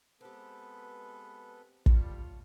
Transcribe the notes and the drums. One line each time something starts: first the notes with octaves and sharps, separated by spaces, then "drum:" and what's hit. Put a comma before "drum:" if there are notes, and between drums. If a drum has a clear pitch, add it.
G#3 B3 C4 G4 A4 B4 B5
A2 G3 F4 A4 C#5, drum: kick